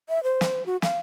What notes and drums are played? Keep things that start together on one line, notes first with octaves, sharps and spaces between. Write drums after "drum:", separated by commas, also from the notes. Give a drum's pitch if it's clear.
E5
C5
drum: snare
F#4
F5, drum: snare